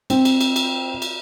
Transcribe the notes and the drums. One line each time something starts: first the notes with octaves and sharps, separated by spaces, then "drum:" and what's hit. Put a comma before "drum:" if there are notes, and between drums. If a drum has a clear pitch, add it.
C4, drum: cymbal
drum: cymbal
drum: cymbal
drum: cymbal
drum: cymbal